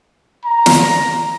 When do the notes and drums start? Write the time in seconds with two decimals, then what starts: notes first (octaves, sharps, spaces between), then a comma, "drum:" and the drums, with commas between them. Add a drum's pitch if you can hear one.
0.45 A#5
0.66 drum: snare